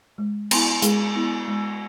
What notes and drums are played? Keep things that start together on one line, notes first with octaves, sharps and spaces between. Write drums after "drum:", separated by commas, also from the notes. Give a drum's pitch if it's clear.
G#3
B3 E4, drum: cymbal
G#3 G#4, drum: hi-hat
B3 E4
G#3